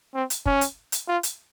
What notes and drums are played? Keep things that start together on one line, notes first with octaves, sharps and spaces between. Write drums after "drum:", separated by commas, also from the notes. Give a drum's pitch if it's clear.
C4
drum: hi-hat
C#4, drum: kick
drum: hi-hat
drum: hi-hat
F4
drum: hi-hat